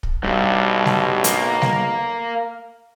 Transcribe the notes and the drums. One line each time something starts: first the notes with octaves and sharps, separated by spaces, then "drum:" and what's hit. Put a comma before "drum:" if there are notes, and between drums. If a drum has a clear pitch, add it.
drum: kick
B1 G2
drum: snare G3
A#3, drum: hi-hat
drum: snare G3